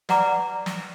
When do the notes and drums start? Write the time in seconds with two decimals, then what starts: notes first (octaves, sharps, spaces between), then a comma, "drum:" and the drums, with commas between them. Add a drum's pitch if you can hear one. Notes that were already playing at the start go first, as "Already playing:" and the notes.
0.09 B4 D5 F#5 A#5 D6, drum: snare
0.66 drum: snare